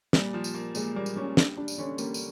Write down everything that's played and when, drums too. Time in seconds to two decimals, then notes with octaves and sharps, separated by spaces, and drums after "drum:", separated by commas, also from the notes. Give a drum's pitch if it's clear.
0.13 A#2 G3, drum: snare
0.34 F3
0.44 drum: tambourine
0.55 A#3
0.75 A#2 G#3, drum: tambourine
0.96 G3 A#3
1.06 drum: tambourine
1.16 A#2 C#4
1.37 G3 D4, drum: snare
1.57 G3 D4
1.68 drum: tambourine
1.78 D3 C#4
1.98 G3 A#3, drum: tambourine
2.14 drum: tambourine